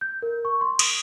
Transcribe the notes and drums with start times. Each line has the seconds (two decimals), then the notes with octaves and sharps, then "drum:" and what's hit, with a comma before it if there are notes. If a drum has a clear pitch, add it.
0.01 G6
0.22 A#4
0.45 C#6
0.61 C6
0.79 D#6, drum: cymbal